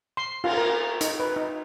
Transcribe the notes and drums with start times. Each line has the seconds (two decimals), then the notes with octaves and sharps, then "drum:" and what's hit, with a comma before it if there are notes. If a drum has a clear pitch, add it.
0.17 C6
0.44 F4, drum: cymbal
0.57 A#4
1.01 D#4, drum: hi-hat
1.20 B4
1.36 D#4